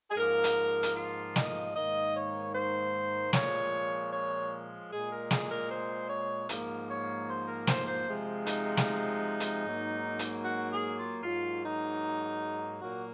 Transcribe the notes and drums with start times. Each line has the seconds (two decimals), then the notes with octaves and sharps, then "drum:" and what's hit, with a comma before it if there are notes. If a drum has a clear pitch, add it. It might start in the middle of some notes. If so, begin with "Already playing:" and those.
0.10 G#4
0.17 G#2 F3 A#3 A#4
0.44 drum: hi-hat
0.83 drum: hi-hat
0.96 F4
1.36 D#5, drum: snare
1.75 G#2 D#3 A#3 D#5
2.15 C#5
2.55 C5
3.33 A#2 F3 G#3 C#5, drum: snare
4.12 C#5
4.91 A#2 G#3 G#4
5.11 A#4
5.31 G#4, drum: snare
5.51 A#4
5.70 C5
6.09 C#5
6.49 G#2 F3 A#3, drum: hi-hat
6.88 C#5
7.28 C5
7.48 A#4
7.67 C5, drum: snare
7.88 C5
8.07 C3 F3 G#3
8.47 D#4, drum: hi-hat
8.77 drum: snare
9.40 drum: hi-hat
9.66 G#2 F#3 A#3
10.19 drum: hi-hat
10.44 F#4
10.71 G#4
10.97 F4
11.23 G#2 F#3 A#3 F4
11.63 D#4
12.81 A#2 F#3 A#3 F#4